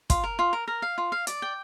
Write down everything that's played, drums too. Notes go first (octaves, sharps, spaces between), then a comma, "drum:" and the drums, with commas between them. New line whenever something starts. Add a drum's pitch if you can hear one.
F4, drum: kick, hi-hat
A#4
F4
A#4
A#4
F5
F4
F5
D5, drum: hi-hat
G5